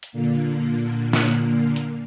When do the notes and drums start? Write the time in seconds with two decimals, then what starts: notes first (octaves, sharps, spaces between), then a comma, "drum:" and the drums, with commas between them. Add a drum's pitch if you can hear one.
0.03 drum: hi-hat
0.12 A#2 D3 A#3
1.13 drum: snare
1.76 drum: hi-hat